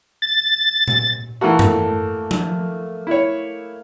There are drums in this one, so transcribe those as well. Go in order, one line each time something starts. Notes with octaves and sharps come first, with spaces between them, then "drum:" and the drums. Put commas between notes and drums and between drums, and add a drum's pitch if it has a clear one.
A6
drum: tom A#2
E3 A3 A#3 F#4
drum: tom F#2
drum: tom F3
E4 C#5